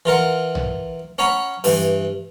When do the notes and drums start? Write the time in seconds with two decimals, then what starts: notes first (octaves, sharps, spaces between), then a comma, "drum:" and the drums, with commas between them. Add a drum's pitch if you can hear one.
0.05 E3 F4 A#4 F#5
0.55 drum: tom B1
1.18 C#4 C#5 F#5 A#5 B5
1.64 G2 E3, drum: open hi-hat